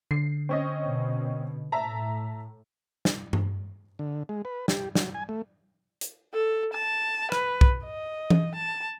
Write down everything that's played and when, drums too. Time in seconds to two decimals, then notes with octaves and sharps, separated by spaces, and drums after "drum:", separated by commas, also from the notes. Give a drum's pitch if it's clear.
0.11 D3 C7
0.49 C4 C#4 D#5
0.83 B2
1.72 A2 E5 A5 A#5
3.05 drum: snare
3.33 drum: tom G2
3.99 D3
4.29 G#3
4.45 B4
4.68 G4, drum: snare
4.95 F#3, drum: snare
5.15 G#5
5.29 A3
6.01 drum: hi-hat
6.34 A4
6.74 A5
7.32 B4, drum: rim click
7.61 drum: kick
7.85 D#5
8.30 drum: tom E3
8.55 A5